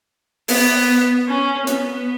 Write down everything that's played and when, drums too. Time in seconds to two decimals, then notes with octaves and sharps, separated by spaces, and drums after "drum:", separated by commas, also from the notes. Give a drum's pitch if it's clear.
0.48 B3, drum: open hi-hat
1.28 C#4
1.67 B3, drum: hi-hat